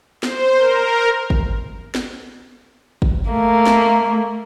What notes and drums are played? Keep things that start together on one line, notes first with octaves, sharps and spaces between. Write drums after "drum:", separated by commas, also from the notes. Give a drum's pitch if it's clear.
C5, drum: snare
A#4
drum: kick
drum: snare
drum: kick
A3 A#3
drum: snare